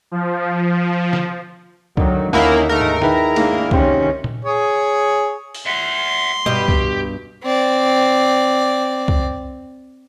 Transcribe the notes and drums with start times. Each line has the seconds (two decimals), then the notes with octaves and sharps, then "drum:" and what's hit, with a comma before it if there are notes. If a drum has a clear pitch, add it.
0.11 F3
1.13 drum: snare
1.97 D3 D#3 F#3 D#4, drum: kick C2
2.33 D#2 A#3 C#4 D#4 E4 A#4 F#5
2.69 G#3 A3 D#4 A#4
2.81 drum: tom G#2
3.02 D#3 E4 G#4 B4 E5, drum: snare
3.36 G#2 A#3 D4, drum: cymbal
3.71 C3 D#3 C4 C#4 F4, drum: kick C2
4.24 drum: tom A#2
4.45 G#4 C#5
5.55 drum: open hi-hat
5.66 E5 F#5 C6
6.46 G2 B2 G4 D#5, drum: tom
6.68 drum: kick C2
7.44 C4 D5
9.08 drum: kick C2